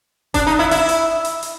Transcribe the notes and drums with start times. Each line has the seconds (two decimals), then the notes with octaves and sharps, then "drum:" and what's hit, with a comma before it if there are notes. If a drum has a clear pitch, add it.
0.34 D4, drum: kick F#1, hi-hat
0.47 D#4
0.59 E4
0.71 E4, drum: hi-hat
0.89 drum: hi-hat
1.25 drum: hi-hat
1.43 drum: hi-hat